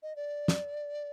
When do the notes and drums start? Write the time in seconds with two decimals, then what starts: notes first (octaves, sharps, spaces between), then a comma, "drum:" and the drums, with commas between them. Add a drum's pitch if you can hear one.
0.03 D#5
0.16 D5
0.48 drum: snare